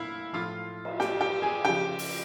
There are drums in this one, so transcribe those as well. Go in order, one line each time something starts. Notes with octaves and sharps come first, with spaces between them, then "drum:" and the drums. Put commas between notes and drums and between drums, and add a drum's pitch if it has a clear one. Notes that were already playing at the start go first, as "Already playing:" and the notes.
Already playing: A#2 E4 E5 F5
A2 F3 F4 F5
drum: cymbal
G4 G5, drum: snare
G4 G5
G#4 G#5
C#3 F3 G4 G5
drum: open hi-hat